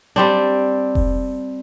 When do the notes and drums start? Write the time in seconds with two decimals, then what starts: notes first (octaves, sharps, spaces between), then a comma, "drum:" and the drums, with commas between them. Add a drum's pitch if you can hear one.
0.16 G3 C4 D4
0.95 drum: kick F1